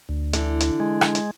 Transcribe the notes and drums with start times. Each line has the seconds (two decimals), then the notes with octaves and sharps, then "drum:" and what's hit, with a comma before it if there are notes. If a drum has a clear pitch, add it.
0.09 D2
0.33 D3 E3, drum: hi-hat
0.60 drum: hi-hat
0.80 G#3
1.01 drum: rim click
1.15 drum: hi-hat